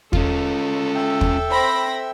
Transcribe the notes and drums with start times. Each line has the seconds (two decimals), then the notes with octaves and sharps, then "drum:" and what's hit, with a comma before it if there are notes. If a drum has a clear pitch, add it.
0.13 C#4 F4 A4, drum: kick
0.95 E5 G5 E6
1.21 drum: kick
1.50 C4 B5 A#6